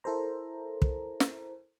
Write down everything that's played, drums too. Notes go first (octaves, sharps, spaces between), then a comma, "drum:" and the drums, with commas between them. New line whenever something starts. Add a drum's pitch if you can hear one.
E4 A4 A#4 C5 A#5
drum: kick
drum: snare